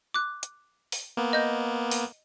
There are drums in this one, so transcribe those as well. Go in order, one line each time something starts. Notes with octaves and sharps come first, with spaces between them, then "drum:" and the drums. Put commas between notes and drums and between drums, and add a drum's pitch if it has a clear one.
D6 F#6
drum: hi-hat
drum: open hi-hat
A#3 B3
D#5 G6
drum: open hi-hat